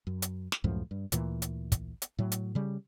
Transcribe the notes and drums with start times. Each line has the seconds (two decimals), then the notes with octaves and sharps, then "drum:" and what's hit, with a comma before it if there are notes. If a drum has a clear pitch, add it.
0.07 F#2
0.22 drum: hi-hat
0.52 drum: snare
0.64 C#2 F#2 A2 F3
0.91 G2
1.12 D2 A#2 E3, drum: hi-hat
1.42 drum: hi-hat
1.72 drum: kick, hi-hat
2.02 drum: hi-hat
2.19 A2 F#3
2.32 drum: hi-hat
2.55 C#3 G3